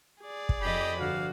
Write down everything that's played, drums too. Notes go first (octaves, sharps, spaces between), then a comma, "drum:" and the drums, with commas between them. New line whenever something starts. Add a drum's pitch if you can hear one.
G#4 D5
drum: kick
F2 G4 D#5 B5 C7
G1 F#4 F5